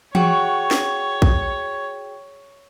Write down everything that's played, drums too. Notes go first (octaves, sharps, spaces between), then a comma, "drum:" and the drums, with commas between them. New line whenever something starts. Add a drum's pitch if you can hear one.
F#4 G#4 C#5 G5, drum: tom E3
drum: snare
drum: kick A#1